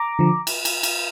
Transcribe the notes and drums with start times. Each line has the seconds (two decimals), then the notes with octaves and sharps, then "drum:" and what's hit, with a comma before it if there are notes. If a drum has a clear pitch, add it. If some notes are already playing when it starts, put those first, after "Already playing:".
Already playing: A#5 D6
0.19 D3 F3
0.47 drum: cymbal
0.65 drum: cymbal
0.83 drum: cymbal